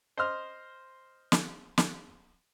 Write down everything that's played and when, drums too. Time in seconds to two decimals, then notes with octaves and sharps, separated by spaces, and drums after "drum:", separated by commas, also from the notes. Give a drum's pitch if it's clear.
0.17 C5 D#5 C6 F6
1.32 drum: snare
1.78 drum: snare